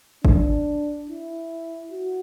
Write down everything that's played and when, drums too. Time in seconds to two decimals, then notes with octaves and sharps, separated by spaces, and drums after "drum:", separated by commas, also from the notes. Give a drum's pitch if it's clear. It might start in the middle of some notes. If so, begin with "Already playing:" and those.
0.25 D4, drum: kick G#1
1.09 E4
1.91 F#4